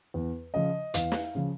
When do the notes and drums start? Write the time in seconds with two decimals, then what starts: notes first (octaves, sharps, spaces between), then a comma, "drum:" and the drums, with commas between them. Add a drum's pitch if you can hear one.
0.14 E2
0.54 C#3 F3 D#5
0.94 E2 F5, drum: hi-hat
1.12 drum: snare
1.35 C#3 F3